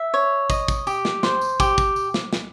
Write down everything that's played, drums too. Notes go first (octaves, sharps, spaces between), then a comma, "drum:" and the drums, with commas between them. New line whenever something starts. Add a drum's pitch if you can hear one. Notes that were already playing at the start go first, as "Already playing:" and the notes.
Already playing: E5
C#5
D#5, drum: kick, tambourine
drum: kick, tambourine
G4, drum: tambourine
drum: snare
C5, drum: snare
drum: tambourine
G4, drum: kick, tambourine
drum: kick, tambourine
drum: tambourine
drum: snare
drum: snare